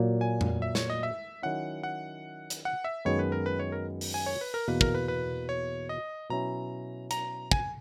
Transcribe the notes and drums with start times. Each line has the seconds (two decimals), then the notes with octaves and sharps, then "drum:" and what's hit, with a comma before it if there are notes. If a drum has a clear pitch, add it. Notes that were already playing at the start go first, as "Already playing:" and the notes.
Already playing: A#2 F#3 A#3
0.21 G#5
0.41 drum: tom F2
0.62 E5
0.75 C#5, drum: snare
0.90 D#5
1.03 E5
1.42 D#3 F#3 C#4 E4 F#5
1.83 F#5
2.50 drum: hi-hat
2.65 F#5
2.84 E5
3.05 F#2 D#3 G#3 B3 C#5
3.19 B4
3.32 A#4
3.46 B4
3.59 C#5
3.72 A#4
4.01 drum: open hi-hat
4.14 G#5
4.26 C#5
4.41 B4
4.54 A#4
4.68 E2 B2 A#3 B4
4.81 A#4, drum: kick
4.95 B4
5.08 B4
5.49 C#5
5.89 D#5
6.30 B2 F#3 C#4 E4 A#5
7.11 A#5, drum: hi-hat
7.51 G#5, drum: kick